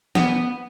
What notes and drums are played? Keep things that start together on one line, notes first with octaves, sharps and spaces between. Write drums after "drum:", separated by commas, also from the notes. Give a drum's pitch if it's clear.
B3, drum: snare